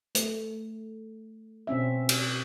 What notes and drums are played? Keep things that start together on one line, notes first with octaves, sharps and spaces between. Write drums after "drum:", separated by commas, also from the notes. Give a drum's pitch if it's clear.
A3, drum: hi-hat
B2 C4 C#4 E5
drum: cymbal